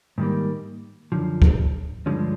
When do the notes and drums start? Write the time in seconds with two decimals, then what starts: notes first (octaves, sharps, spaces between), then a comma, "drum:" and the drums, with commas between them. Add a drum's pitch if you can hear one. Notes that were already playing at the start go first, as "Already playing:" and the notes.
0.18 G#2 D#3 G3 A#3
1.12 F#2 D3 F3
1.42 drum: kick
2.06 G2 D3 F3 G#3 C#4